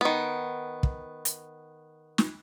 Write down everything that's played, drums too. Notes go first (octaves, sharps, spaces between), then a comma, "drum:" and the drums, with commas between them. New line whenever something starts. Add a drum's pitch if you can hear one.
D#3 B3
drum: kick
drum: hi-hat
drum: snare